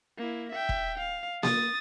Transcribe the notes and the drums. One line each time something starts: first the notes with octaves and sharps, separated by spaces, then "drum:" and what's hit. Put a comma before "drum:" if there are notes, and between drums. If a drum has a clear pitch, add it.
A#3 E4
E5 G5
drum: kick E1
F5
D#6 A6, drum: snare A#3